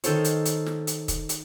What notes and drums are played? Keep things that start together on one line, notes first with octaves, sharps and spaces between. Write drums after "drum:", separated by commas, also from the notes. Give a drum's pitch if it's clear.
D#3 A4 C5 C#5, drum: hi-hat
drum: hi-hat
drum: hi-hat
drum: snare
drum: hi-hat
drum: kick, hi-hat
drum: hi-hat